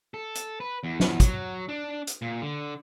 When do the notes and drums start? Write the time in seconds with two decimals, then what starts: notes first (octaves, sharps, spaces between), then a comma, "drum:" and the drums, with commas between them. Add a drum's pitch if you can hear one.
0.14 A4
0.35 drum: hi-hat
0.60 B4
0.84 E2
1.00 drum: snare
1.20 F#3, drum: kick, hi-hat
1.69 D4
2.07 drum: hi-hat
2.22 A#2
2.42 D3